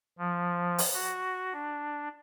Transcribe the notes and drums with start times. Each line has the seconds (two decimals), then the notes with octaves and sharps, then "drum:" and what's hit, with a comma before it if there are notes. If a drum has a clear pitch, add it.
0.18 F3
0.78 drum: open hi-hat
0.93 F#4
1.53 D4